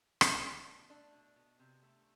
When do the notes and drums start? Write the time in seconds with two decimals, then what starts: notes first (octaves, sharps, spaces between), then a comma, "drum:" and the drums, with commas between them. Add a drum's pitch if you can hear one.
0.21 B2 D4, drum: rim click
0.44 B2
0.68 A3
0.90 A3 D4
1.13 B2
1.36 B2
1.59 C3
1.83 A3